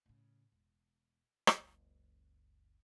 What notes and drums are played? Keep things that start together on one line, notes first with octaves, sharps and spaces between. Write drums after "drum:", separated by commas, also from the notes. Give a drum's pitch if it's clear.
A2 C#3
E1
drum: rim click
F#1 C#2